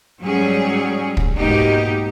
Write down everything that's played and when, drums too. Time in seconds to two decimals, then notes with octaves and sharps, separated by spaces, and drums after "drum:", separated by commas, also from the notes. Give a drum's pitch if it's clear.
0.23 G#2 F#3 G3 C#4 G#4
1.17 drum: kick
1.37 G#2 B2 A#3 D#4 G4